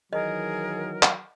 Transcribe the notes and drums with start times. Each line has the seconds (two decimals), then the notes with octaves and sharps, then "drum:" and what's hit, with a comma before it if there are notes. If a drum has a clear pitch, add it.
0.13 D#3 E3 F#3 G#4 A#4 D#5
1.03 drum: clap